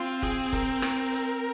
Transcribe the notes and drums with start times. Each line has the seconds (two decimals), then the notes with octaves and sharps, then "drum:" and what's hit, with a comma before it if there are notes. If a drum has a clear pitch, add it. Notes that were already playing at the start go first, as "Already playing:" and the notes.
Already playing: C4 F4
0.22 G#4, drum: kick, hi-hat
0.53 A#4, drum: kick, hi-hat
0.82 A#4, drum: rim click
1.13 drum: hi-hat